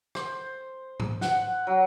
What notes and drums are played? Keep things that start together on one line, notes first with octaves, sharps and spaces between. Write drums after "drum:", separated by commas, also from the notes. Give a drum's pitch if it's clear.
C5, drum: rim click
drum: tom G#2
F#5, drum: snare
F#3